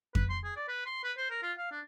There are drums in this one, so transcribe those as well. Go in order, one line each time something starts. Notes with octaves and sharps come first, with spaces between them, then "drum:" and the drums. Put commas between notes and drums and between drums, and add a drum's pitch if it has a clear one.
B4, drum: kick F2
C6
G#4
D5
B4
C6
B4
C5
A#4
F4
F5
D4